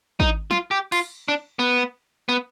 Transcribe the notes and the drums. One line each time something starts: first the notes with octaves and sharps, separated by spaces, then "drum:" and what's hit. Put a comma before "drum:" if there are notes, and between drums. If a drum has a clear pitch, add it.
D#4, drum: kick
F4, drum: snare
G4
F4, drum: cymbal
D4
B3
B3